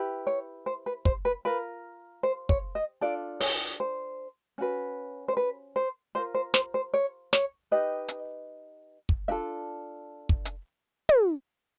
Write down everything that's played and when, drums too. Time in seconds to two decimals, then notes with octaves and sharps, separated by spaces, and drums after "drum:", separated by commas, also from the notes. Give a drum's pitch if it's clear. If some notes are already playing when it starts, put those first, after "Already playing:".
Already playing: E4 G4 B4
0.27 C#5
0.66 C5
0.86 B4
1.05 C5, drum: kick
1.25 B4
1.45 F4 A#4 B4
2.23 C5
2.49 C#5, drum: kick
2.75 D#5
3.01 D4 F4 A4 D5
3.40 C#5, drum: open hi-hat
3.80 C5
4.58 C#4 F#4 B4
5.28 C5
5.37 B4
5.76 C5
6.15 F4 A#4 C5
6.35 C5
6.54 C5, drum: snare
6.74 C5
6.94 C#5
7.33 C#5, drum: snare
7.71 D#4 G4 B4 D#5
8.08 drum: hi-hat
9.09 drum: kick
9.28 D4 F4 A4 E5
10.29 drum: kick
10.45 drum: hi-hat
11.09 drum: tom